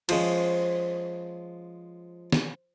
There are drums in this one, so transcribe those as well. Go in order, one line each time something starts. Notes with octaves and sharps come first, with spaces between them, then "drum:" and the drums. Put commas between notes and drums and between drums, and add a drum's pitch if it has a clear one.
F3 G#3 C#4 C5, drum: cymbal
drum: snare